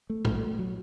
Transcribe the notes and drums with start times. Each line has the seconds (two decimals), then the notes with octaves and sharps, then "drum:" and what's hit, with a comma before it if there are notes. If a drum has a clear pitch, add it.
0.10 A3
0.25 A#1, drum: tom A#2
0.38 A3
0.59 F#3